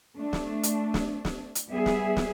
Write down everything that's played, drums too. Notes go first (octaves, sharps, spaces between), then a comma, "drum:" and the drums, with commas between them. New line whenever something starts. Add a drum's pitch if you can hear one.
A3 D4
drum: snare
drum: hi-hat
drum: snare
drum: snare
drum: hi-hat
G3 B3 G#4 E5
drum: snare
drum: snare